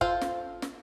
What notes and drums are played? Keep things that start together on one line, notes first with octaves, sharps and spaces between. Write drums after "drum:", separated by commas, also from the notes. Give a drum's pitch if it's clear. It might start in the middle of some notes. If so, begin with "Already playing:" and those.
F4 A4 C5, drum: kick G1
drum: snare
drum: snare